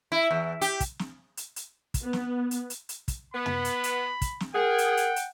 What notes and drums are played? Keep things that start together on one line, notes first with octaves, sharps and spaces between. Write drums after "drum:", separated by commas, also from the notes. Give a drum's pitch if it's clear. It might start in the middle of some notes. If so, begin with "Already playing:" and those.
E4
E2
G4, drum: hi-hat
drum: kick, hi-hat
drum: snare
drum: hi-hat
drum: hi-hat
drum: kick, hi-hat
B3
drum: snare
drum: hi-hat
drum: hi-hat
drum: hi-hat
drum: kick, hi-hat
B3 B5
drum: tom
drum: hi-hat
drum: hi-hat
drum: kick, hi-hat
drum: snare
G#4 A#4 F#5 G5
drum: hi-hat
drum: hi-hat
drum: hi-hat